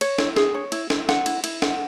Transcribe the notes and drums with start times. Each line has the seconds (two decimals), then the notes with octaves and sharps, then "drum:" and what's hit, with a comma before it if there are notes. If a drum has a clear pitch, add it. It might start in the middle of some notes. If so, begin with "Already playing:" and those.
0.01 C#5, drum: cymbal
0.18 E4, drum: snare
0.36 G#4, drum: snare
0.54 C#5
0.72 E4, drum: cymbal
0.90 E4, drum: snare
1.09 F#5, drum: snare
1.26 E4, drum: cymbal
1.44 E4, drum: cymbal
1.62 F#5, drum: snare